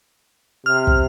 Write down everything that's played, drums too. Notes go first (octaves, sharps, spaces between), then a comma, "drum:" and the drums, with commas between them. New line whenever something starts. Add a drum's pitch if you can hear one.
C3 F6
drum: kick